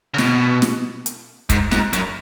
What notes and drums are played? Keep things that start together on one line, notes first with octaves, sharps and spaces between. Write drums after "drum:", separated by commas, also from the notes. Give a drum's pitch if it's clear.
C#3
B2, drum: snare
drum: snare
drum: hi-hat
G#2, drum: kick, hi-hat
G#2, drum: snare
F#2, drum: hi-hat